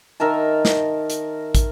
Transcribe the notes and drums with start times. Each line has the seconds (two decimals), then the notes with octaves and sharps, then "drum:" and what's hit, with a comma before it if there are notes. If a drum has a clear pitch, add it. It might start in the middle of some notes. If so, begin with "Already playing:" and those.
0.20 D#3 A#4 E5 A5
0.65 drum: snare
1.10 drum: hi-hat
1.55 drum: kick, hi-hat